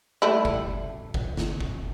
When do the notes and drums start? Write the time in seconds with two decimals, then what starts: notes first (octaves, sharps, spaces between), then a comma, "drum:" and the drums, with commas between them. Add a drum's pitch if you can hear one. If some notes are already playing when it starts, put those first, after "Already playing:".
0.22 G3 A3 E4
0.45 drum: kick F#1
1.14 drum: kick F#1
1.37 drum: snare
1.61 drum: kick F#1